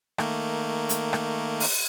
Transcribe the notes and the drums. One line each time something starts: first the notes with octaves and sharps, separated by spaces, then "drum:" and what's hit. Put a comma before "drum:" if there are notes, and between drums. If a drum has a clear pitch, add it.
D#3 A3 A#3, drum: rim click
drum: hi-hat
drum: rim click
drum: open hi-hat